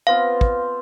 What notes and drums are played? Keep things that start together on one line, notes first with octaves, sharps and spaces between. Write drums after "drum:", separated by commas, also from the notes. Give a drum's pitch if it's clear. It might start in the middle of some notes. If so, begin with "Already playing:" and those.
B3 C4 F4 F5
drum: kick